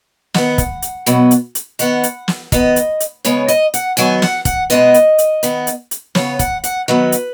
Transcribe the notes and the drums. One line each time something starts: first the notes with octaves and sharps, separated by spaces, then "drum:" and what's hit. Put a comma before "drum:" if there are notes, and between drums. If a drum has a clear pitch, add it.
D#3 B3 F#5, drum: snare
drum: kick, hi-hat
drum: hi-hat
B2 F#3 B3, drum: hi-hat
drum: hi-hat
drum: hi-hat
D#3 B3 F#5, drum: hi-hat
drum: hi-hat
drum: snare
D#3 B3 D#5, drum: kick, hi-hat
drum: hi-hat
drum: hi-hat
C#3 G#3 B3 C#5, drum: hi-hat
D#5, drum: hi-hat
F#5, drum: hi-hat
D#3 F#3 B3 G#5, drum: hi-hat
F#5, drum: snare
F#5, drum: kick, hi-hat
B2 G#3 B3 D#5, drum: hi-hat
drum: hi-hat
drum: hi-hat
D#3 B3, drum: hi-hat
drum: hi-hat
drum: hi-hat
C#3 B3 C#5, drum: snare
F#5, drum: kick, hi-hat
F#5, drum: hi-hat
D#3 F#3 B3 B4
drum: hi-hat